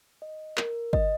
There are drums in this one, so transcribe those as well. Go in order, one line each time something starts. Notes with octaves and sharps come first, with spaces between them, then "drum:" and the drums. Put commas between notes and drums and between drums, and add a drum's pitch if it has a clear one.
D#5
A#4, drum: clap
D#5, drum: kick G1